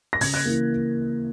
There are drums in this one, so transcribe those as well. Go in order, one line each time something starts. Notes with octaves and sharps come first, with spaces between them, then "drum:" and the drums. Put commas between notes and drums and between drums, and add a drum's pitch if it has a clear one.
A#6
C#3 G#6, drum: open hi-hat
F#6
E3 A#3